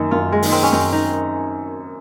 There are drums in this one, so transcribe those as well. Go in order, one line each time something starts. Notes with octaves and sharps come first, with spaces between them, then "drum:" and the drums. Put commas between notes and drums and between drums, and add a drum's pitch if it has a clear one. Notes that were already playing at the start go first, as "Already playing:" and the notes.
Already playing: F#2 D#3 A#3 D#4
F#2 F4
G#3
D#3 A#3 D#4, drum: open hi-hat
C4
C#4
F#2 D#4
D#4